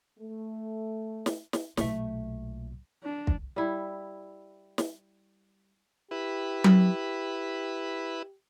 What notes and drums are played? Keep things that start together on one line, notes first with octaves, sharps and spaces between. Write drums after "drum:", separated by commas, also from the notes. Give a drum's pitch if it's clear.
A3
drum: snare
drum: snare
B1 A#2 A3 E5, drum: snare
D4
drum: kick
G3 E4
drum: snare
E4 G4 B4
drum: tom F#3